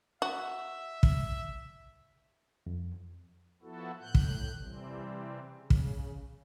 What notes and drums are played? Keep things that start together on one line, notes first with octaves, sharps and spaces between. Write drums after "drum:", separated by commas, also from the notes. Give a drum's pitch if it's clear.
F#4 E5
drum: kick
F2
F3 B3 E4 F#4 A4
A2 F#6 G6
drum: kick
C3 E3 G3 C4
C#3
drum: kick